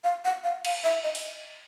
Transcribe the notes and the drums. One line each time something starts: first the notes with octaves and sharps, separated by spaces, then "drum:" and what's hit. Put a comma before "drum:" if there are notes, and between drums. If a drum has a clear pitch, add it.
F5
F#5
F5
F5, drum: cymbal
E5
D#5
drum: open hi-hat